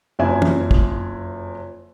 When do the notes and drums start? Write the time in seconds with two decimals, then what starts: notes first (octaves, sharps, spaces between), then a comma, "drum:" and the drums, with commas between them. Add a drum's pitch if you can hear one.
0.19 F#1 F2 E4 G#5
0.42 drum: tom
0.71 drum: kick